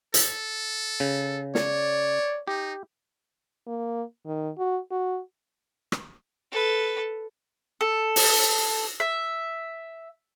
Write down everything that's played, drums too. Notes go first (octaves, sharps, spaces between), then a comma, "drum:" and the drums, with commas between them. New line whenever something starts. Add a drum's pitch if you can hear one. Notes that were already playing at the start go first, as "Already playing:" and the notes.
A4, drum: hi-hat
C#3
C#5 D5, drum: snare
D#4 G4
A#3
D#3
F#4
F#4
drum: rim click
A4 B4
A4
drum: open hi-hat
E5